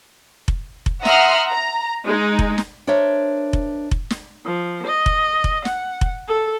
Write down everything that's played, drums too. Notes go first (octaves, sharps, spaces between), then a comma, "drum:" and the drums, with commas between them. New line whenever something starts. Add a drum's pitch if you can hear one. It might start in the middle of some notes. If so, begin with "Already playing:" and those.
drum: kick F1
drum: kick F1
E5 F#5 A#5 C6 D#6 F6, drum: snare
A#5
G#3 D#4
drum: kick F1
drum: snare
D4 A#4 C5 C#5 E5
drum: kick F1
drum: kick F1
drum: snare
F3
D#5
drum: kick F1
drum: kick F1
F#5, drum: snare
drum: kick F1
A4